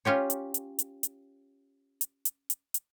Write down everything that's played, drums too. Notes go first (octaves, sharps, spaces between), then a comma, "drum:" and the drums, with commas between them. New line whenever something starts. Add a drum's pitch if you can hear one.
C#4 F4 G4 C#5
drum: hi-hat
drum: hi-hat
drum: hi-hat
drum: hi-hat
drum: hi-hat
drum: hi-hat
drum: hi-hat
drum: hi-hat